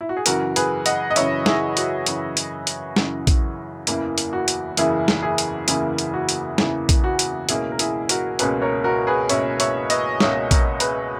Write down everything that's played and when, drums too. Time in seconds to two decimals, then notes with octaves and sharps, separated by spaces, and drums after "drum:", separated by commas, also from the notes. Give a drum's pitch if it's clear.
0.01 E4
0.09 F#4
0.17 G#4
0.26 F#2 C#3 E3 F#4 A#4, drum: hi-hat
0.56 G#4 B4, drum: hi-hat
0.86 D#5 F#5, drum: hi-hat
1.11 D#5
1.16 F#2 C#3 E3 C#5 E5, drum: hi-hat
1.46 E4 G#4, drum: snare
1.77 F#4, drum: hi-hat
2.06 F#2 C#3 E3, drum: hi-hat
2.37 drum: hi-hat
2.67 drum: hi-hat
2.96 F#2 C#3 E3, drum: snare
3.27 drum: kick, hi-hat
3.87 F#1 E2 C#3 E3 A#3 E4, drum: hi-hat
4.18 drum: hi-hat
4.33 F#4
4.48 drum: hi-hat
4.77 F#1 E2 C#3 E3 A#3 E4 G#4, drum: hi-hat
5.08 drum: snare
5.23 E4 G#4
5.38 drum: hi-hat
5.68 F#1 E2 C#3 E3 A#3 E4 G#4, drum: hi-hat
5.98 drum: hi-hat
6.14 F#4
6.29 drum: hi-hat
6.58 F#1 E2 C#3 E3 A#3 E4, drum: snare
6.89 drum: kick, hi-hat
7.04 F#4
7.19 drum: hi-hat
7.49 C#2 B2 A#3 C#4 E4 G#4, drum: hi-hat
7.72 A#4
7.79 E4 G#4, drum: hi-hat
8.09 F#4 A#4, drum: hi-hat
8.39 C#2 B2 A#3 C#4 G#4 B4, drum: hi-hat
8.62 A#4 C#5
8.84 F#4 A#4
9.07 G#4 B4
9.29 C#2 B2 A#3 C#4 C#5 E5, drum: hi-hat
9.60 C#5 E5, drum: hi-hat
9.90 B4 D#5, drum: hi-hat
10.20 C#2 B2 A#3 C#4 C#5 E5, drum: snare
10.51 A#4 C#5, drum: kick, hi-hat
10.80 G#4 B4, drum: hi-hat